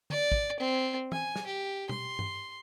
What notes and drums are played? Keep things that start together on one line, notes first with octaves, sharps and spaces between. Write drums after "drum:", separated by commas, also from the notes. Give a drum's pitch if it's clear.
D5, drum: tom D3
drum: kick
C4
G#5, drum: tom
drum: snare
G4
C6, drum: tom B2
drum: tom G2